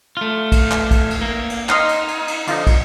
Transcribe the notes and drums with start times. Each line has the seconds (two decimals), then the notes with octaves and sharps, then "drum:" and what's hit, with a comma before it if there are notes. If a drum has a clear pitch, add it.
0.17 A3 F4
0.52 drum: kick, cymbal
0.71 drum: clap
0.91 drum: kick, cymbal
1.11 drum: cymbal
1.22 A#3
1.50 drum: cymbal
1.69 D#4 D#5 F5 C6, drum: clap
1.89 drum: cymbal
2.08 drum: cymbal
2.28 drum: cymbal
2.47 D3 F3 D#4, drum: cymbal
2.67 drum: kick, cymbal